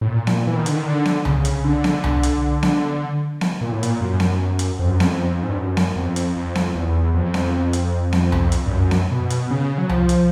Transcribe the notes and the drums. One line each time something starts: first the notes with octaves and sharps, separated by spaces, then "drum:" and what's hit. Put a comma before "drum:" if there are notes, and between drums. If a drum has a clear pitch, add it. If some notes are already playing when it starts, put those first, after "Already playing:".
A2
A#2
drum: snare B3
E3
D#3
D3, drum: hi-hat
D#3
D3
drum: snare B3
C#3, drum: tom C2
drum: hi-hat
D3
drum: snare B3
drum: tom C2
drum: hi-hat
drum: snare B3
drum: snare B3
A#2
A2
A#2, drum: hi-hat
F#2
drum: snare B3
drum: hi-hat
F2
F#2
F2, drum: snare B3
G#2
G2
F#2
drum: snare B3
F2
drum: hi-hat
F2
drum: snare B3
E2
F2
drum: snare B3
drum: hi-hat
drum: snare B3
drum: tom C2
drum: hi-hat
G2
F#2
drum: snare B3
B2
drum: hi-hat
C#3
F#3
F3, drum: tom C2
drum: hi-hat